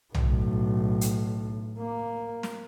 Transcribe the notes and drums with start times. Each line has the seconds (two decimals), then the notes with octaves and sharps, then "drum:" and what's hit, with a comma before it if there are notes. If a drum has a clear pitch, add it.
0.15 B1 A2, drum: tom B1
1.01 drum: hi-hat
1.78 A#3
2.43 drum: snare